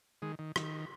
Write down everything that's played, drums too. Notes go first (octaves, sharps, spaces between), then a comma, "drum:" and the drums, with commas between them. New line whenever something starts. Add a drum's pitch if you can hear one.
D#3 G#3
D#3
D#3, drum: rim click